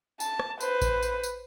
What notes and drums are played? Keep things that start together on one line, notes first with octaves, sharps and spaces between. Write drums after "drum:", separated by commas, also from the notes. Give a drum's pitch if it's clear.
A5, drum: tambourine
drum: rim click
B4 C5, drum: tambourine
drum: kick A1, tambourine
drum: tambourine
drum: tambourine